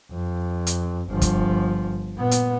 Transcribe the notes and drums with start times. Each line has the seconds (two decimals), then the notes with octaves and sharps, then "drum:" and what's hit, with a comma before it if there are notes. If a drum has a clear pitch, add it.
0.12 F2
0.67 drum: hi-hat
1.09 G1 F3
1.22 drum: kick, hi-hat
2.17 A#2 B3
2.31 drum: hi-hat